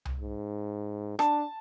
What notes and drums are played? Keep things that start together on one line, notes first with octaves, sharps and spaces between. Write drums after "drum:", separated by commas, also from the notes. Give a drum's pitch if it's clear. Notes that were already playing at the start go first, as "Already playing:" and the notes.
drum: tom C2
G#2
D4 A5, drum: rim click